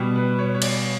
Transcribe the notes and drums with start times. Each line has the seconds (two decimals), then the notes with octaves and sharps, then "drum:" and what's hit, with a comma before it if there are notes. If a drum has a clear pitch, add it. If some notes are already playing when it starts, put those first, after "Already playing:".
Already playing: B2 G3
0.16 B4
0.39 C#5
0.55 C#5
0.62 D5, drum: cymbal